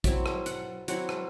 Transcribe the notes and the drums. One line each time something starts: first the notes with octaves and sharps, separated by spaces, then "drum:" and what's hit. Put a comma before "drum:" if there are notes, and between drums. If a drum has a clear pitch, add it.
F#3 C4 E4 E5, drum: kick, hi-hat
drum: rim click
F#5, drum: hi-hat
F#3 C4 E4 F#5, drum: hi-hat
drum: rim click